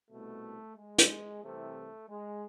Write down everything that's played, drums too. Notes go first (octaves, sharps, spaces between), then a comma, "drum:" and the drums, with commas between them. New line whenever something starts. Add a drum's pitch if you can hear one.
C2 B2 A3
G#3
drum: hi-hat
C2 C3 E3 A3
G#3